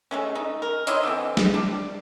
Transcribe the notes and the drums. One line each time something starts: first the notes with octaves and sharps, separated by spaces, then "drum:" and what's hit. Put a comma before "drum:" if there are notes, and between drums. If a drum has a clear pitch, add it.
G#3 A3 C#4
D#4
A#4
E4 C5 C#5 D#5, drum: hi-hat
D3 E3 B3 C4
drum: snare
G3 D4